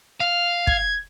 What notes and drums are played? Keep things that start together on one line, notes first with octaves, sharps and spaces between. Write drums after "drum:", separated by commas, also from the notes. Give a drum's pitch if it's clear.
F5
G#6, drum: kick